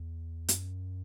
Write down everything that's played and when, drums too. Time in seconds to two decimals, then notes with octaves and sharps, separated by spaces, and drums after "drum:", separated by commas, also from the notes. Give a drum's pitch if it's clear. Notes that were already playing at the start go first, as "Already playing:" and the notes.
Already playing: E2
0.48 F#2, drum: hi-hat